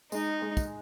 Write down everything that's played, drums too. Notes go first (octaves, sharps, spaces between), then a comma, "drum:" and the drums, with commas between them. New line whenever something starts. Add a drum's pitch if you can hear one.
G#3 D#4, drum: tambourine
G#3
drum: kick, tambourine